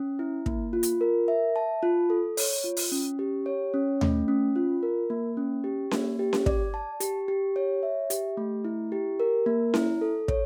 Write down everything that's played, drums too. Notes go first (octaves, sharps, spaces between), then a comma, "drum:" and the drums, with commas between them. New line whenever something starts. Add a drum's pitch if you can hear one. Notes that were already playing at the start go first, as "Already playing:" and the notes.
Already playing: C#4
E4
A#3, drum: kick
F4
drum: hi-hat
A#4
E5
A5
F4
A4
C#5, drum: open hi-hat
F4
drum: open hi-hat
C#4
G4
C#5
C#4
A3, drum: tom D#2
C#4
F4
A#4
A#3
C#4
G4
A#3, drum: snare C#4
G4
drum: snare C#4
D5, drum: kick
A5
G4, drum: hi-hat
G4
C#5
E5
G4, drum: hi-hat
A3
E4
G4
A#4
A#3
E4, drum: snare C#4
A4
C#5, drum: kick